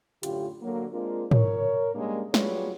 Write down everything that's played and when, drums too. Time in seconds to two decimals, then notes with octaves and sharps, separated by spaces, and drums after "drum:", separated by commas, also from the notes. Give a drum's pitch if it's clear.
0.23 F#2 A2 D3 F4 G4, drum: hi-hat
0.62 D3 F#3 A#3
0.93 G#3 A#3 C4 D4 F4 A#4
1.31 A#4 C#5, drum: tom
1.95 G3 G#3 A#3 C#4 D4
2.34 F#3 G3 F4 G#4 B4 C#5, drum: snare